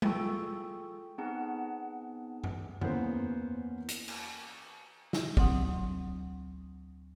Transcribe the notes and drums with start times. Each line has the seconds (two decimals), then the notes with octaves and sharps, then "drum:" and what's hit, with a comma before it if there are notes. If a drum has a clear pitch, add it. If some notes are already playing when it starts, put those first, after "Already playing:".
0.02 F4 G#4 A4 G5 C#6 E6, drum: tom G3
1.18 B3 C4 D#4 G#4 F#5 A5
2.44 drum: tom F#2
2.81 E2 A#3 B3 C#4 C5, drum: tom F#2
3.88 drum: hi-hat
4.08 drum: cymbal
5.13 drum: snare
5.37 D2 F#3 C4 F#5 D#6, drum: kick